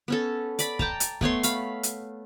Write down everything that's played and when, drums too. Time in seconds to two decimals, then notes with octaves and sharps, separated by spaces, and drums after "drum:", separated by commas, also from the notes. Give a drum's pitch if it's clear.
0.08 B3 C#4 A4
0.59 D5 B5, drum: hi-hat
0.79 G5 A5 A#5, drum: kick
1.00 drum: hi-hat
1.21 A3 B3 C#5 C6, drum: kick
1.43 F5 B5, drum: hi-hat
1.83 drum: hi-hat